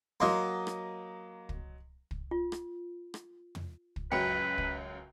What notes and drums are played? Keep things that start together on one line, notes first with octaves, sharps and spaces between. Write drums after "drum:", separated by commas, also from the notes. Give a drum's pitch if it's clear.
F#3 A#3 D#5 C6
drum: rim click
drum: kick
drum: kick
F4
drum: rim click
drum: rim click
drum: tom
drum: kick
C#2 F#2 F#3 B4 G5 B5
drum: kick